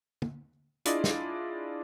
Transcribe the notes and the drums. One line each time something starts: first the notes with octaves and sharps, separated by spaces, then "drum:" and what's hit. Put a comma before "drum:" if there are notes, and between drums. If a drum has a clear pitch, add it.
drum: tom
D4 E4 F4 G#4 D5 D#5, drum: hi-hat
drum: snare